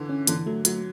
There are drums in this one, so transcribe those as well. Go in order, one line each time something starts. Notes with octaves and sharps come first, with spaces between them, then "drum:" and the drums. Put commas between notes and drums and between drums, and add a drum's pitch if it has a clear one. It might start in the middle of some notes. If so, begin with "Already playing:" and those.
Already playing: D3 E3
C#4
D3 E3, drum: hi-hat
F#3 A3
F#3 A3, drum: hi-hat